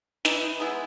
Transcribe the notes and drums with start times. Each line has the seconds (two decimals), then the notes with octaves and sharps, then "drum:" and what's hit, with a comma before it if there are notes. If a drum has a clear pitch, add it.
0.25 E3 D#4, drum: snare
0.60 G#3 B3 E4